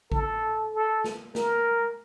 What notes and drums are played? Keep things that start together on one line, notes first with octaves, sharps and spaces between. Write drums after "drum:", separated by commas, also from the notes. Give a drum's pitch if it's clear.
A4, drum: kick A1
A4
drum: snare
A#4, drum: snare